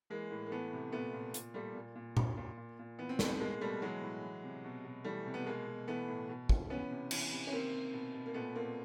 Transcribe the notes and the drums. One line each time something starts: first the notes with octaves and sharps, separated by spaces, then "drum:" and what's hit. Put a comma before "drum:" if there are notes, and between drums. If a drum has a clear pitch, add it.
E3 G#3 A#3
A2
A#3
E3 A3 B3
C3
A#2 A3 B3
A#2
A#2, drum: hi-hat
A#2 G3 A3
A#2
A#2
A#2, drum: tom A#2
A#2
A#2
A#2
E3 B3
C4
A2 A3 B3, drum: snare
B2 G#3 A#3
B2 G3 A3
E3 F#3 G#3
A2
E3
C3
B2
B2
E3 G3 A3
C3
B3
B2 G#3 A#3
B2
E3 A3 B3
A2
B2
B2, drum: kick
E3 B3 C#4
C3
E3, drum: cymbal
C3
C#4
D#3 A#3 C4
C3
B2
B2
A#3
A#2 A3 B3
A#2 A#3 C4